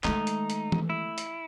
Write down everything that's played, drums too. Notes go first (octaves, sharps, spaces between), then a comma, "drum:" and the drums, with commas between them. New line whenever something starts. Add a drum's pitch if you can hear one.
D#3 G#3 A3 D#4, drum: clap
drum: hi-hat
drum: hi-hat
drum: tom E3
E4
drum: hi-hat